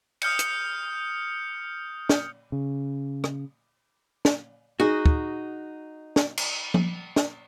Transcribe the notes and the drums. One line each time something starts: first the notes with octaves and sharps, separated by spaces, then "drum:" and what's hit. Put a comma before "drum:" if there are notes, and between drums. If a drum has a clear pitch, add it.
D#6 F6 G6 C#7, drum: cymbal
drum: hi-hat
drum: snare
C#3
drum: rim click
drum: snare
D#4 F#4 G#4
drum: kick
drum: snare
drum: cymbal
drum: tom F3
drum: snare